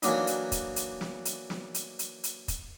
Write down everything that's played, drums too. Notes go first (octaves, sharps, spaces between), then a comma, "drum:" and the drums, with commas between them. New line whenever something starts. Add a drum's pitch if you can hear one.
E3 F#3 A#3 D4 D#4, drum: hi-hat
drum: hi-hat
drum: kick, hi-hat
drum: hi-hat
drum: snare
drum: hi-hat
drum: snare
drum: hi-hat
drum: hi-hat
drum: hi-hat
drum: kick, hi-hat